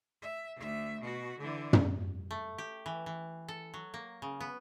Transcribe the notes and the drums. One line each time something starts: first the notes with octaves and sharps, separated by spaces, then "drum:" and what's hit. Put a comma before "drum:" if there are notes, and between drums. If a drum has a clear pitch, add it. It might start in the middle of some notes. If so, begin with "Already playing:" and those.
E5
D2 E5
B2 F#4
D3 E3
drum: tom
A3
G4
E3
E3
A4
F#3
A#3
C#3
B3